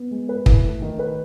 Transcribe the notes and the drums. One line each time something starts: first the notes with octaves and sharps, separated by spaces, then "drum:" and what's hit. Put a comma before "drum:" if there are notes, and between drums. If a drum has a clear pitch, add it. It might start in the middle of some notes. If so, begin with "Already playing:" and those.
Already playing: B3
G#3
B4
E4, drum: kick
A3
D#3
B4